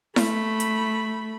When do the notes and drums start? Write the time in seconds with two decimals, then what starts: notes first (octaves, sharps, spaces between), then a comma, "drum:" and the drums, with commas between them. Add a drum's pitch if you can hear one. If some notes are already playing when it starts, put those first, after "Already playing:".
0.16 A3 B5, drum: snare E4
0.60 drum: hi-hat